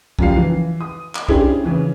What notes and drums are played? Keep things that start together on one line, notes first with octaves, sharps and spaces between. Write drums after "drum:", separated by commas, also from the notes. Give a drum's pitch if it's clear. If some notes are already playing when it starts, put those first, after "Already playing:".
F#2 C#3 F3 G3 F5 C7, drum: kick
E3
D#6
drum: clap
C#4 D4 E4 G4 G#4 C5, drum: kick
C#3 E3 C#4